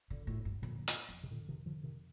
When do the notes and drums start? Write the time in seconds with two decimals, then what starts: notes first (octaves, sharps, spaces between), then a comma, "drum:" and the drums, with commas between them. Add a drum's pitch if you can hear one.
0.10 D3
0.27 A2
0.45 G2
0.62 F2 A#2 D3
0.88 drum: hi-hat
1.09 F2
1.23 C3
1.31 A#2 D3
1.49 C3 D#3
1.66 D3 F3
1.84 C3 D#3